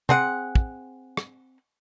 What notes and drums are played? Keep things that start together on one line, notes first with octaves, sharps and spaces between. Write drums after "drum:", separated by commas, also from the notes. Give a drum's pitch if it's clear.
C4 G#4 F#5, drum: tom
drum: kick
drum: rim click